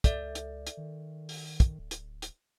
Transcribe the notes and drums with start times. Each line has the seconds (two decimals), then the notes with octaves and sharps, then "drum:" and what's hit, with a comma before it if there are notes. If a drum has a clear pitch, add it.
0.04 C#2 A4 D5 E5, drum: kick, hi-hat
0.35 drum: hi-hat
0.67 drum: hi-hat
0.77 D#3
1.29 drum: open hi-hat
1.60 drum: kick, hi-hat
1.79 D1
1.91 drum: hi-hat
2.22 drum: hi-hat